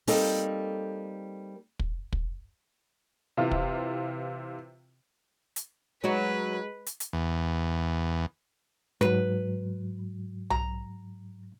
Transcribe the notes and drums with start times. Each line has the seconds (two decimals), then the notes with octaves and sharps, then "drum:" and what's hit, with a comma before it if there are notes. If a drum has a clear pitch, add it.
0.07 G3 A#3 C4 D#4 A4, drum: open hi-hat
1.79 drum: kick
2.13 drum: kick
3.37 C3 E3 F4
3.51 drum: kick
5.56 drum: hi-hat
6.04 F#3 G#3 D#4 F#4 B4
6.86 drum: hi-hat
7.00 drum: hi-hat
7.13 E2
9.01 G#2 F#3 B4, drum: snare
10.50 A#5, drum: tom B1